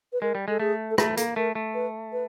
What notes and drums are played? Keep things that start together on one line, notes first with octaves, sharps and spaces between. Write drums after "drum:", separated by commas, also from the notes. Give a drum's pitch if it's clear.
B4
G#3 A#4
G3
G#3 A4
A3 G#4
A4
A3 G#4, drum: rim click
A#3 A4, drum: hi-hat
A3 A#4
A3
B4
B4